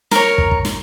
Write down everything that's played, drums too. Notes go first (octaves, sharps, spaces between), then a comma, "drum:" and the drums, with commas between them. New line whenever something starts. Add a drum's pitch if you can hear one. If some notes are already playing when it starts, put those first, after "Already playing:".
A#4 C#5, drum: snare
drum: kick
drum: kick
drum: snare